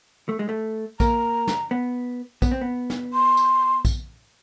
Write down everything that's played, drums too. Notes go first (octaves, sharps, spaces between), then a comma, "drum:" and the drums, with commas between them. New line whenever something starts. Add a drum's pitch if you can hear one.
A3
G#3
A3
A#3 A#5, drum: kick, tambourine
drum: snare
B3
B3, drum: kick, tambourine
C4
B3
drum: snare
C6
drum: tambourine
drum: kick, tambourine